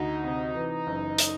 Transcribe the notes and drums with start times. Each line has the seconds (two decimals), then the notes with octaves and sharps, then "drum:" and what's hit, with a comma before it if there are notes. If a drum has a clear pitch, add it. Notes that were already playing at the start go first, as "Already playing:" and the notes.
Already playing: D2 D#4
0.24 C3
0.55 E3
0.87 F#1
1.18 drum: hi-hat